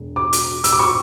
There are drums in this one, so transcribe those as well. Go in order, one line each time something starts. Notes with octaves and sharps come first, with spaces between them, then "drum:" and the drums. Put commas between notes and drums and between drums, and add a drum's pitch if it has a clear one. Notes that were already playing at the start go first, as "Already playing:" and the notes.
Already playing: E1
D6
drum: hi-hat
E6, drum: hi-hat
D6
C#6